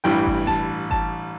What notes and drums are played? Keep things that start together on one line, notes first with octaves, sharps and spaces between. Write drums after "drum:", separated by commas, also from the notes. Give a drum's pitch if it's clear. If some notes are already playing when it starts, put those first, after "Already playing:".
A1 G2 E3 G5
drum: kick G1
A5, drum: snare F1
A5, drum: kick G1